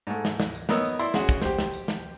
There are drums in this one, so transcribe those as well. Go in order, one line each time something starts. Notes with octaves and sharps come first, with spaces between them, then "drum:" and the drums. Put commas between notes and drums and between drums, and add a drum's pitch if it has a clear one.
G#2 A3
drum: snare
drum: snare
drum: tambourine
B3 D#4 A#4 C#5 E6, drum: snare
drum: tambourine
E4 D5 C6 E6, drum: tambourine
C#4 F#4 G#4, drum: snare
drum: kick, tambourine
G4 C5, drum: snare
drum: snare
drum: tambourine
drum: snare